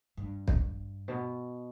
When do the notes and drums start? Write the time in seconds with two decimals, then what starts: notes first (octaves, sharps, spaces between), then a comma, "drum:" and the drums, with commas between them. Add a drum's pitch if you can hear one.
0.17 G2
0.48 drum: kick
1.08 B2